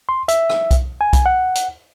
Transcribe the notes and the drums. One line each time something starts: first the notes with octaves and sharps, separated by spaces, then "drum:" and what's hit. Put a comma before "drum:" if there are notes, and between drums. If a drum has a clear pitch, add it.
C6
E5, drum: hi-hat
drum: rim click
drum: kick B1, hi-hat
G#5
drum: kick B1, hi-hat
F#5
drum: hi-hat